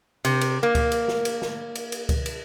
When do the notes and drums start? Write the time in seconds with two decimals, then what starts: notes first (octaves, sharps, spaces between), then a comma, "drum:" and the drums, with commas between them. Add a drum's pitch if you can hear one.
0.25 C3, drum: cymbal
0.41 drum: cymbal
0.63 A#3
0.75 drum: kick C#2, cymbal
0.92 drum: cymbal
1.08 drum: snare A#4
1.25 drum: cymbal
1.42 drum: snare A#4
1.75 drum: cymbal
1.92 drum: cymbal
2.09 drum: kick C#2, cymbal
2.26 drum: cymbal